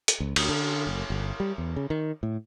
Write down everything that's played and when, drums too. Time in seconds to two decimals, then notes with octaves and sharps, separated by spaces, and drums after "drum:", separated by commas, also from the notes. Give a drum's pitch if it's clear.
0.08 drum: hi-hat
0.20 C#2
0.36 D2, drum: cymbal
0.49 D3
0.87 F#1
1.10 G1
1.40 G3
1.58 E2
1.76 C#3
1.90 D#3
2.23 A2